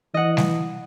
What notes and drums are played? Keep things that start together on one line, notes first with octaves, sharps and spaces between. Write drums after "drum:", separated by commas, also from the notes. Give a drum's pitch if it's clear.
E3 D#5 F#5
drum: snare G3